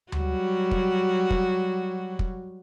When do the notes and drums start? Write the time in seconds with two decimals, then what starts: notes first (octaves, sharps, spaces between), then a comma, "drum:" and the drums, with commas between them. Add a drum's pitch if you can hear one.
0.12 F#3 G3 F#4, drum: tom D2
0.71 drum: kick
1.30 drum: kick
2.19 drum: kick